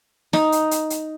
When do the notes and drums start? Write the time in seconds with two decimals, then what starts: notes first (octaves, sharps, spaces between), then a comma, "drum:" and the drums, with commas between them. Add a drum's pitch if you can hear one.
0.33 D#4, drum: snare
0.52 drum: hi-hat
0.71 drum: hi-hat
0.90 drum: hi-hat